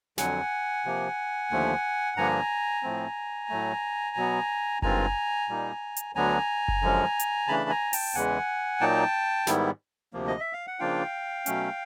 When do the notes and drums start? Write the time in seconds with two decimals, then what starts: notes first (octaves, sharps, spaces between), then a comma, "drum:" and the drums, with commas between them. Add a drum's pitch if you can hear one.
0.18 F2 D3 F#3 F#5 G#5, drum: snare
0.85 C3 F3 A#3
1.51 D#2 D3 F3 A3
2.17 G2 D3 F3 A#3 D4 G#5 A#5
2.83 A2 F3 A3 C4
3.49 A2 F#3 A3
4.17 B2 F#3 B3
4.82 G2 D#3 G#3 C4 F4 G#5 A#5, drum: kick F#1
5.49 A#2 G3 A#3 D#4
5.97 drum: hi-hat
6.15 D2 D3 F#3 B3 D4 G#5 A#5
6.68 drum: kick F#1
6.82 F#2 D3 F3 G#3 C#4
7.19 drum: hi-hat
7.47 C#3 E3 A3 D4 A5 B5
7.70 G#5 A#5
7.93 G5 A5, drum: open hi-hat
8.14 E2 C#3 E3 G#3 F#5 G#5
8.81 A#2 F#3 A#3 D#4 G5 A5
9.47 G#2 D#3 G3 B3 E4, drum: snare
10.13 D2 C3 F3 A#3
10.27 D#5
10.40 E5
10.53 F5
10.67 F#5
10.79 C#3 F3 A#3 D4 F4 F5 G5
11.46 B2 F#3 A3 C#4, drum: hi-hat